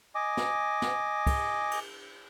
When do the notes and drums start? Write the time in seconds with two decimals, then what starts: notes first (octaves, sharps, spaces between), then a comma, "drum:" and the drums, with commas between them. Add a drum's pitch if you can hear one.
0.15 D#5 G#5 D6
0.37 drum: snare
0.82 drum: snare
1.27 drum: kick, cymbal
1.71 drum: cymbal